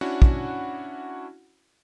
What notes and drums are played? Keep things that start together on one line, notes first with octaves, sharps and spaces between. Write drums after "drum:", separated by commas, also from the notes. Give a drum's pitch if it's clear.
C#4 D4 E4 F#4 F#5
drum: kick